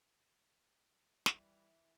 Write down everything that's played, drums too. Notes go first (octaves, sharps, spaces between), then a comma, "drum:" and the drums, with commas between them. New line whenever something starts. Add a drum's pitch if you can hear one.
E3 G3, drum: snare